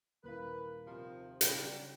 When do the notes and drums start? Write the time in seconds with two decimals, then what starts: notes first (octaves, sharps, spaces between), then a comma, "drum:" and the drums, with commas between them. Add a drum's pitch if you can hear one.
0.24 D#1 E4 A#4 B4 F5
0.87 C3 D#3 F3
1.41 C#3 F#3 G3 G#4, drum: hi-hat